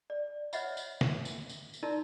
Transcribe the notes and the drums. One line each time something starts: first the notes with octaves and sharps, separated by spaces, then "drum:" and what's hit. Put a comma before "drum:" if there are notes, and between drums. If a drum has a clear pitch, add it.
D5
B4 C#5 D#5 E5 F#5 B5, drum: tambourine
drum: tambourine
drum: snare
drum: tambourine
drum: tambourine
drum: tambourine
D#4 E4 A#4 D5 A5 C6